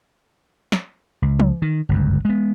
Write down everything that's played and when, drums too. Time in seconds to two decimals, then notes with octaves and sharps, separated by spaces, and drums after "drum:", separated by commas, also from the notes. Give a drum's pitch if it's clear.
0.72 drum: snare
1.22 C#2
1.40 drum: tom
1.62 D#3
1.89 G1 C#2 F#2
2.25 G#3 B3